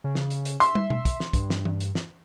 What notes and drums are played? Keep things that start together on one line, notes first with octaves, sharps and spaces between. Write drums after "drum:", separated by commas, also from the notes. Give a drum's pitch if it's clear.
C#3
drum: snare
drum: hi-hat
drum: hi-hat
E5 C6, drum: hi-hat
drum: tom
drum: tom B2
drum: kick, hi-hat
drum: snare
G2, drum: kick, hi-hat
drum: snare
drum: tom E3
drum: hi-hat
drum: snare